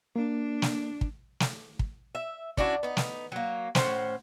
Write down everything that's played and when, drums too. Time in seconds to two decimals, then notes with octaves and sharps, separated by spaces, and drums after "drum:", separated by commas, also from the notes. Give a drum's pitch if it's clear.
0.16 A#3 D4
0.62 drum: snare
1.01 drum: kick
1.40 drum: snare
1.79 drum: kick
2.15 E5
2.57 C#4 D4 E4 F#4, drum: kick
2.83 B3 D#4
2.97 drum: snare
3.32 F#3 A#3
3.75 A2 C#4 C5 F#5, drum: snare